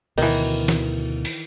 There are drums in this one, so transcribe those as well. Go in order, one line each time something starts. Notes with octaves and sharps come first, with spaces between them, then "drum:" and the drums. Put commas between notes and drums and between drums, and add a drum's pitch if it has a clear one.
D2 B2 D#3 E3, drum: cymbal
drum: snare
drum: open hi-hat